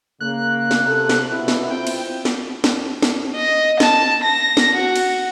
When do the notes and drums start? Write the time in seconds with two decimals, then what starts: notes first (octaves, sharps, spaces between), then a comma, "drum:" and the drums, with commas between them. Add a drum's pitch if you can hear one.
0.20 C#3 A#3 F#6
0.71 drum: snare
0.86 C3 A4
1.09 drum: snare
1.29 B2 E4
1.48 drum: snare
1.70 C4 F4 G5
1.87 drum: cymbal
2.25 drum: snare
2.64 drum: snare
3.02 drum: snare
3.36 D#5
3.80 A5, drum: snare
4.24 A#6
4.57 drum: snare
4.76 F#4
4.96 drum: cymbal